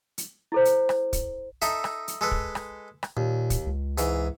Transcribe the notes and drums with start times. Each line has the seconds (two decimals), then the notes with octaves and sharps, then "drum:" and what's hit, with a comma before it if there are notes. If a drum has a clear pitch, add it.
0.18 drum: hi-hat
0.52 E4 A4 C5
0.65 drum: hi-hat
0.89 drum: rim click
1.13 drum: kick, hi-hat
1.62 D#4 A4 E5, drum: hi-hat
1.84 drum: rim click
2.08 drum: hi-hat
2.21 G#3 A4 B4
2.31 drum: kick
2.55 drum: rim click
3.03 drum: rim click
3.17 D#2 A#2
3.50 drum: kick, hi-hat
3.67 C#2
3.98 G#2 E3, drum: hi-hat